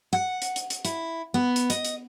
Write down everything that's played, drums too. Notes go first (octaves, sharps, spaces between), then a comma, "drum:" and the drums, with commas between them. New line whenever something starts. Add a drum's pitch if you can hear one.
F#5
drum: hi-hat
drum: hi-hat
drum: hi-hat
E4, drum: hi-hat
B3
drum: hi-hat
D#5, drum: hi-hat
drum: hi-hat